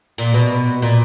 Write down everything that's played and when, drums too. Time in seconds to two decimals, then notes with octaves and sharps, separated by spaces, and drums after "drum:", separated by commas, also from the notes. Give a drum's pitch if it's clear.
0.18 A#2, drum: open hi-hat
0.34 B2
0.82 A#2